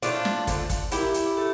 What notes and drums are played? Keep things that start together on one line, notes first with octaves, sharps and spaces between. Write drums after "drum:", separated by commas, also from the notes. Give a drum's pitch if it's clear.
A2 F3 A3 D4 F4, drum: hi-hat
drum: snare
D3 F3 A3, drum: kick, hi-hat
drum: kick, hi-hat
A#2 G3 E4 G4, drum: hi-hat
drum: hi-hat
A3